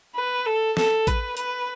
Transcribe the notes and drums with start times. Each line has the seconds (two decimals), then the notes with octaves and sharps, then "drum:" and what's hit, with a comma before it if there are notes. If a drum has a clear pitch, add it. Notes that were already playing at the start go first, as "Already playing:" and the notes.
0.15 B4
0.46 A4
0.77 A4, drum: snare
1.07 B4, drum: kick A1, hi-hat
1.37 B4, drum: hi-hat